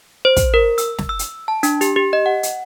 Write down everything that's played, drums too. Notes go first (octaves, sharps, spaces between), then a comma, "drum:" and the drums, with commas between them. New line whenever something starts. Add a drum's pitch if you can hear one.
C5
drum: kick, hi-hat
A#4
E6, drum: hi-hat
drum: snare
E6
drum: hi-hat
A5
D4, drum: hi-hat
G4, drum: hi-hat
G4
D#5
F#5
drum: hi-hat